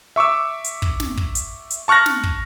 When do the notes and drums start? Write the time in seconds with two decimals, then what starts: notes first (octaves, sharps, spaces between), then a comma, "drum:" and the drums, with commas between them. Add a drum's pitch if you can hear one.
0.16 E5 C#6 D6 E6
0.64 drum: hi-hat
0.82 drum: kick
1.00 drum: snare
1.17 drum: kick
1.35 drum: hi-hat
1.70 drum: hi-hat
1.88 A5 C#6 F6 F#6 A#6
2.06 drum: snare
2.23 drum: kick